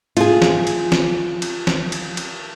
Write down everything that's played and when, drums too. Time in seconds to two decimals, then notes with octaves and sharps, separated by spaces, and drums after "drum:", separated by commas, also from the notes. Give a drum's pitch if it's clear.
0.17 F4 G#4, drum: cymbal
0.42 drum: snare
0.67 drum: cymbal
0.92 drum: snare
1.42 drum: cymbal
1.67 drum: snare
1.92 drum: cymbal
2.17 drum: cymbal